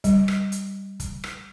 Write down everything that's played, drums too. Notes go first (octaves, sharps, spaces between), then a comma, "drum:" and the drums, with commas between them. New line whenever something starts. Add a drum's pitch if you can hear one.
G3, drum: kick, hi-hat
drum: rim click
drum: hi-hat
drum: kick, hi-hat
drum: rim click